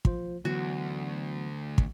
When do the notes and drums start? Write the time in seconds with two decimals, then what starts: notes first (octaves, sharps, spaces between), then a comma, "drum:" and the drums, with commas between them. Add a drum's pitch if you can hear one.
0.05 F3 F4 C5, drum: kick
0.45 D2 E3 F#3 B3 F#4
1.78 drum: kick